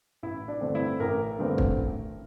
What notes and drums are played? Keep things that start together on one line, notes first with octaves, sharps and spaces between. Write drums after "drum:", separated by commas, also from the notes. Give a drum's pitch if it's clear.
A1 E4
D4
G2 D3 A3 C4
E4
A1 A#4
G2 D3 A3 C4
drum: kick
A1